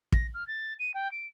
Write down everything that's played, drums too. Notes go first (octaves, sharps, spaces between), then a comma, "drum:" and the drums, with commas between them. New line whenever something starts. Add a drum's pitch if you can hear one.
A#6, drum: kick
F6
A6
D#7
G5
D7